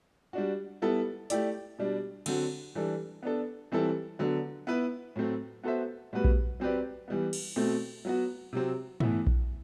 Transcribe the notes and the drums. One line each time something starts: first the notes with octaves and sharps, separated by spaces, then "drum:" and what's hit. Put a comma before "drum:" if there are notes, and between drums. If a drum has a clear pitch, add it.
G3 D4 F#4
G3 B3 E4 A4
A3 E4 G4 D5, drum: hi-hat
B2 G3 D4
D3 F#3 C4 F#4, drum: cymbal
E3 G3 D4 A4
B3 D4 A4
E3 G3 C4 E4 A4
D3 F#3 B3
B3 E4 B4
A2 F#3 A3 C4
B3 F#4 A4 C5 E5
A2 G3 B3 F#4 B4
drum: kick A#1
F#3 C4 G4 B4 D5
E3 G3 B3
drum: cymbal
B2 A3 C4
F#3 B3 F#4
C3 F#3 C4
A2 E3 B3 E4, drum: tom
drum: kick A#1